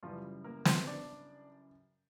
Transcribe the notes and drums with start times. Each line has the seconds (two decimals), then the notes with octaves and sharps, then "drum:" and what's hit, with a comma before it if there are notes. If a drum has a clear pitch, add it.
0.03 F#2 C#3 E3 F3 G3 F4
0.44 A#3 A#4
0.65 C4 C5, drum: snare
0.87 D4 D5